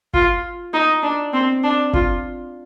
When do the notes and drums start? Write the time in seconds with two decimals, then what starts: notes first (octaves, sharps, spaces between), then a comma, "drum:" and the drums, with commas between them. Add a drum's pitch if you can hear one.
0.14 F4, drum: kick G1
0.74 D#4
1.03 D4
1.33 C4
1.63 D4
1.94 F4, drum: kick G1